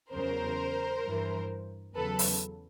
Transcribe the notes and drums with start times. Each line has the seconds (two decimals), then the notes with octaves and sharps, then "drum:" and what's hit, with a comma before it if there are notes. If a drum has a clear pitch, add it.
0.12 E2 C#3 F#3 A#4 C5
1.04 G2 E3
1.95 E2 C#3 F#3 A4 B4
2.19 drum: open hi-hat